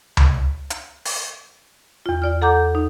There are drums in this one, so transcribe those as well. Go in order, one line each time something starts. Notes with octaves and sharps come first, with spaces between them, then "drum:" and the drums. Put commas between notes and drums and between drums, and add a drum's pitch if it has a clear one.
drum: tom C#2
drum: hi-hat
drum: open hi-hat
E2 F4
F4 D5 F6
A4 F#5 A#5 D6 G6
D#4